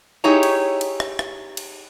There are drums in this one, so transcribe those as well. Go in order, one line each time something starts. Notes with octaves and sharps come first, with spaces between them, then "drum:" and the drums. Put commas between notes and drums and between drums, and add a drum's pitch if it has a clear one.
D#4 E4 G4 G#4 C#5 A#5
drum: cymbal
drum: cymbal
drum: rim click
drum: rim click
drum: cymbal